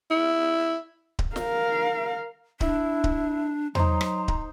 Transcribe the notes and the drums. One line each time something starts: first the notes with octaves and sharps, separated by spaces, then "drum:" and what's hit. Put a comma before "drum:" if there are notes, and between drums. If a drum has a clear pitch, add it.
E4
drum: kick D1
A#4 F5, drum: snare
D4 E4, drum: kick D1
drum: kick D1
F#3 D#4 C5 A#5, drum: tom E2
drum: rim click
drum: kick D1